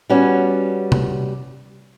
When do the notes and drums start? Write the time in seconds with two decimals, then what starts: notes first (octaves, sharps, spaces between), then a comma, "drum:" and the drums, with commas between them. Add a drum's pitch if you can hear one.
0.10 G3 B3 C#4 F#4
0.92 drum: tom C3